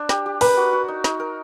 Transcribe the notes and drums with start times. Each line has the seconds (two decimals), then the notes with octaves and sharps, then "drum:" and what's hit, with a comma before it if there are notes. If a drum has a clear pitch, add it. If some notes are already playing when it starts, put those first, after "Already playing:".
Already playing: D4 C5
0.09 G4, drum: snare
0.26 G4
0.41 A#4 B4, drum: open hi-hat
0.57 F#4
0.73 F#4
0.88 D#4
1.04 D#4, drum: snare
1.20 A#4